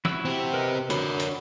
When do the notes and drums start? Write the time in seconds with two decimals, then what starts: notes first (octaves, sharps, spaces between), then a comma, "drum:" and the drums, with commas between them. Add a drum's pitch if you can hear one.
0.05 E4 F#4 E6, drum: snare
0.25 C4 G4
0.54 A#4 B4 D#5
0.90 D3 F#4 A#4 C#5 B5, drum: hi-hat
1.20 drum: hi-hat